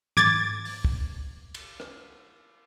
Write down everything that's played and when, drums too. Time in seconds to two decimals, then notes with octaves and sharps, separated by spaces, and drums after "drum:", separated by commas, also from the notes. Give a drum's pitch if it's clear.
0.17 D6 G#6 A6, drum: tom
0.65 drum: open hi-hat
0.85 drum: kick
1.55 drum: cymbal
1.80 drum: rim click